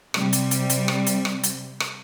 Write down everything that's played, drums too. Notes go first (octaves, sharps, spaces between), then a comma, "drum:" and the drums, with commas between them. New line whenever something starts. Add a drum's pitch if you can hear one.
C3 G3, drum: rim click
drum: hi-hat
drum: hi-hat
drum: hi-hat
drum: rim click
drum: hi-hat
drum: rim click
drum: hi-hat
drum: rim click